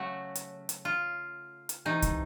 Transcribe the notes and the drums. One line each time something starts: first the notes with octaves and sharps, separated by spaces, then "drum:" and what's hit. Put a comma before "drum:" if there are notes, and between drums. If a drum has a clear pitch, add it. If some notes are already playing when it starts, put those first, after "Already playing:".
Already playing: C#3 F#3 A3 F#4
drum: hi-hat
drum: hi-hat
F4
drum: hi-hat
C3 E3 A3 D#4
drum: kick, hi-hat